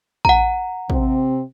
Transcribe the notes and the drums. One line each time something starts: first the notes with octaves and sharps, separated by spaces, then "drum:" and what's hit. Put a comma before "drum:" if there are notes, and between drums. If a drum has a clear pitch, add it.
F#5 A#5, drum: kick
C3 C4, drum: kick